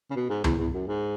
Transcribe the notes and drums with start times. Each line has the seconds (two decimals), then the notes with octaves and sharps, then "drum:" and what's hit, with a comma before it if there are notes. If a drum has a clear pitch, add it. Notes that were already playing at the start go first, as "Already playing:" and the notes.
0.11 C#3
0.16 B2
0.29 G#2
0.44 E2, drum: tom C#2
0.58 E2
0.73 F#2
0.88 G#2